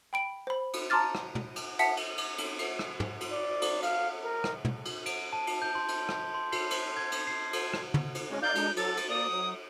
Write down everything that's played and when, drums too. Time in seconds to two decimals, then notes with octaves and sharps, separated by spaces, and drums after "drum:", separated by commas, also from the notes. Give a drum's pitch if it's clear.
0.13 G5 B5 D7
0.47 C5 B5
0.73 drum: cymbal
0.90 A5 A#5 C6 D6 F6 A6
1.15 drum: rim click
1.35 drum: tom
1.56 drum: cymbal
1.79 E5 F#5 A5 B6 C#7, drum: cymbal
1.97 drum: cymbal
2.18 drum: cymbal
2.38 drum: cymbal
2.59 drum: cymbal
2.79 drum: rim click
3.00 drum: tom
3.21 drum: cymbal
3.32 D5
3.62 drum: cymbal
3.83 F5, drum: cymbal
4.24 A#4
4.44 drum: rim click
4.65 drum: tom
4.85 drum: cymbal
5.06 D7, drum: cymbal
5.33 A5
5.47 drum: cymbal
5.62 G6
5.75 C6
5.88 drum: cymbal
6.09 drum: rim click
6.34 C6
6.52 C7, drum: cymbal
6.71 drum: cymbal
6.97 G#6
7.12 drum: cymbal
7.27 C7
7.53 drum: cymbal
7.74 drum: rim click
7.94 drum: tom
8.15 drum: cymbal
8.31 G#3 C#4
8.42 D#4 D5 F5 G6
8.55 G#3 D4 D#4, drum: cymbal
8.77 F#3 A4 A6, drum: cymbal
8.97 drum: cymbal
9.09 A#3 D5 D#6
9.30 F#3